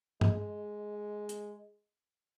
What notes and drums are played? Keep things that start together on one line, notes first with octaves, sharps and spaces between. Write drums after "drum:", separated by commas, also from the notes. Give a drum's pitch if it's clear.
G#3, drum: tom G2
drum: hi-hat